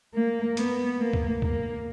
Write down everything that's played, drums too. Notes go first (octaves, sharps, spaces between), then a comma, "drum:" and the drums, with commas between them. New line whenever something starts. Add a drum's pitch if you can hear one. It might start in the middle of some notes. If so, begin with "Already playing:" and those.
A#3
B3, drum: hi-hat
A#3
drum: kick
A#3, drum: kick